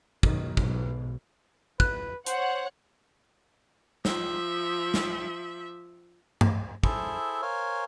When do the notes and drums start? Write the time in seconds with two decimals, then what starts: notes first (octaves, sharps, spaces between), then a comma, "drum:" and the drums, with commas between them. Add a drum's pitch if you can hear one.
0.23 F#2 B2 D#3, drum: kick
0.57 B1 G#2 B2, drum: kick
1.80 B4 F#6, drum: kick
2.26 C5 C#5 F#5, drum: hi-hat
4.05 F3 E5, drum: snare
4.94 drum: snare
6.41 drum: tom G2
6.83 E4 G#4 A4 C5 E5, drum: kick
7.42 A#4 C5 C#5 F5 G#5